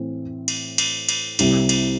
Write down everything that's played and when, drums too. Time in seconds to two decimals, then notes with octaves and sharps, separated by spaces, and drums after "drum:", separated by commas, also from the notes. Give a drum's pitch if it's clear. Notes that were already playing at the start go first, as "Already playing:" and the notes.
Already playing: A2 E3 C4
0.48 drum: cymbal
0.78 drum: cymbal
1.09 drum: cymbal
1.39 C2 C3 G3 E4, drum: cymbal
1.69 drum: cymbal